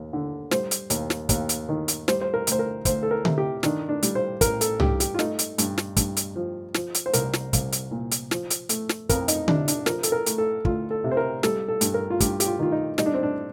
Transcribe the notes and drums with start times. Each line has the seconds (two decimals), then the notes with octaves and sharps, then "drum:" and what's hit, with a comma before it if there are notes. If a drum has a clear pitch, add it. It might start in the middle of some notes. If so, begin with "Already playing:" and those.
Already playing: D#2
0.13 D3
0.51 G3 C5, drum: snare
0.71 drum: hi-hat
0.90 D#2, drum: hi-hat
1.10 drum: snare
1.29 D#2, drum: kick, hi-hat
1.49 drum: hi-hat
1.69 D#3
1.88 drum: hi-hat
2.08 G3 C5, drum: snare
2.21 C5
2.34 A#4
2.47 D2 C5, drum: hi-hat
2.59 A#4
2.85 D2 C5, drum: kick, hi-hat
3.03 A4
3.11 A#4
3.25 C3, drum: tom D3
3.38 G4
3.63 D#3 D4, drum: snare
3.89 D4
4.03 G3, drum: hi-hat
4.15 C5
4.41 A1 A#4, drum: kick, hi-hat
4.61 A4, drum: hi-hat
4.80 G2 G4, drum: tom C2
5.00 G4, drum: hi-hat
5.14 F4
5.19 A3 D#4, drum: snare
5.39 drum: hi-hat
5.58 G2, drum: hi-hat
5.78 drum: snare
5.96 G2, drum: kick, hi-hat
6.17 drum: hi-hat
6.36 F3
6.74 F3, drum: snare
6.94 drum: hi-hat
7.06 C5
7.13 C2 A#4, drum: hi-hat
7.33 drum: snare
7.53 C2, drum: kick, hi-hat
7.72 drum: hi-hat
7.91 A#2
8.11 drum: hi-hat
8.31 F3, drum: snare
8.50 drum: hi-hat
8.69 A3, drum: hi-hat
8.89 drum: snare
9.09 F2 A#4, drum: kick, hi-hat
9.28 D#4, drum: hi-hat
9.48 C3 D4, drum: tom D3
9.68 D4, drum: hi-hat
9.86 F3 A#4, drum: snare
10.03 A4, drum: hi-hat
10.12 A#4
10.26 A3, drum: hi-hat
10.38 A4
10.65 D2 F4, drum: kick
10.91 A4
11.04 C3
11.11 C5
11.17 A#4
11.43 G3 A4, drum: snare
11.68 A4
11.81 G2, drum: hi-hat
11.94 A#4
12.10 F4
12.20 G2 G4, drum: kick, hi-hat
12.40 G4, drum: hi-hat
12.47 F4
12.59 D#3 F4
12.72 D#4
12.98 G3 D#4, drum: snare
13.06 D4
13.14 C4
13.23 D4